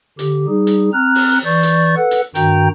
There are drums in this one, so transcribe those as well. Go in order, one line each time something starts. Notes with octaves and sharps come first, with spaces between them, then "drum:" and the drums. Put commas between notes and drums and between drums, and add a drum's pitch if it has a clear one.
D3 G4, drum: hi-hat
G3 D#4 G#4
drum: hi-hat
C4 A#5 F6 F#6
drum: open hi-hat
E3 D5 C#6 G6 A6
drum: hi-hat
A4 B4 F#5
drum: hi-hat
G2 D#3 F#4 G5 A#5 G6, drum: hi-hat